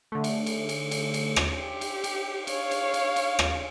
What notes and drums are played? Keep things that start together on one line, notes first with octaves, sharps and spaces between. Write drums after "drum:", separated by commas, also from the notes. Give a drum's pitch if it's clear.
D3 A3
drum: cymbal
drum: cymbal
drum: cymbal
drum: cymbal
drum: cymbal
drum: rim click
G4
drum: cymbal
drum: cymbal
C#5 F5, drum: cymbal
drum: cymbal
drum: cymbal
drum: cymbal
drum: rim click